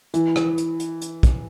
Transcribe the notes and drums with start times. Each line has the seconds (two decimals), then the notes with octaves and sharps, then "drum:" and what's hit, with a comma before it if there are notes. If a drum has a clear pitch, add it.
0.14 E3, drum: hi-hat
0.36 drum: rim click
0.58 drum: hi-hat
0.80 drum: hi-hat
1.01 drum: hi-hat
1.23 drum: kick, hi-hat